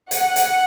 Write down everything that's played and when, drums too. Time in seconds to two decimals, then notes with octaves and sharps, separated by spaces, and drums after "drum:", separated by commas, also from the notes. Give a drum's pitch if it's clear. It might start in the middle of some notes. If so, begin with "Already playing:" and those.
0.11 F#5, drum: hi-hat
0.36 drum: hi-hat